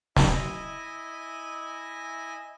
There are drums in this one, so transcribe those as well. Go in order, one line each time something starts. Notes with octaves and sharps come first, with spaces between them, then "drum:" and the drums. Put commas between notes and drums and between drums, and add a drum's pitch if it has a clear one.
E4 D#5 G#5, drum: snare